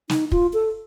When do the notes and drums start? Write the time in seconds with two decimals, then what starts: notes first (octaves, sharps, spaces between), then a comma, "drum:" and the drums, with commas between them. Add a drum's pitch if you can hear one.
0.09 D#4, drum: snare
0.32 F4, drum: kick
0.53 A4